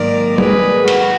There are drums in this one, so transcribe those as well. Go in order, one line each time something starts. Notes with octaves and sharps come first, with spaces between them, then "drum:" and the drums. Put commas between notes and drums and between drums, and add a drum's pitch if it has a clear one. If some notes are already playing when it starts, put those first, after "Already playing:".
Already playing: G#2 D#3 F#3 A#3 A#4 D5
G#4 B4, drum: tom
F#4, drum: cymbal